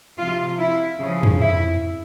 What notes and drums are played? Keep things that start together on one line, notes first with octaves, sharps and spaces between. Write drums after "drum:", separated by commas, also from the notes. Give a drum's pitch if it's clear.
C3 F3 F4
E4
C#3 F3
drum: tom F2
E4